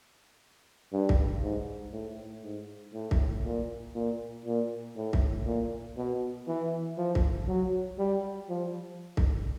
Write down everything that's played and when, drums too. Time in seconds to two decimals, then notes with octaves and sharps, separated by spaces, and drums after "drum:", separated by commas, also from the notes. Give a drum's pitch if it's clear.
0.92 G2
1.09 drum: kick
1.43 G#2
1.93 A2
2.44 G#2
2.94 A2
3.11 drum: kick
3.45 A#2
3.95 A#2
4.46 A#2
4.97 A2
5.13 drum: kick
5.46 A#2
5.97 B2
6.48 E3
6.98 F3
7.15 drum: kick
7.48 F#3
7.99 G3
8.49 F3
9.17 drum: kick